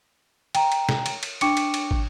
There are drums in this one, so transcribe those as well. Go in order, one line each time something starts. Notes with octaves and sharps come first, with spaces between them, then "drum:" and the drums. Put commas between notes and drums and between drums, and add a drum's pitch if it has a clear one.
G5 A#5, drum: cymbal
drum: cymbal
drum: snare
drum: cymbal
drum: cymbal
D4 G5 C#6 D6 C#7, drum: cymbal
drum: cymbal
drum: cymbal
drum: kick